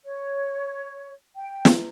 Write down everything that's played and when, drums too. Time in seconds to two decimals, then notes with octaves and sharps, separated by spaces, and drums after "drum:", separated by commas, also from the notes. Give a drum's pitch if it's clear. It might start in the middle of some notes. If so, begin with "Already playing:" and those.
0.04 C#5
1.36 G5
1.65 drum: snare